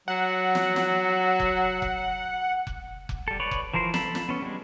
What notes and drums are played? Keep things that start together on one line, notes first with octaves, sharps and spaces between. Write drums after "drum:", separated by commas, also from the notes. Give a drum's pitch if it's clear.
F#3 F#5
drum: snare
drum: snare
drum: kick F1
drum: kick F1
drum: kick F1
drum: kick F1
G3 A4
B4 C#5 D5
drum: kick F1
E3 F3 A#4 C5
A4 A5 B5, drum: snare
drum: snare
B3 C#4
G3 G#3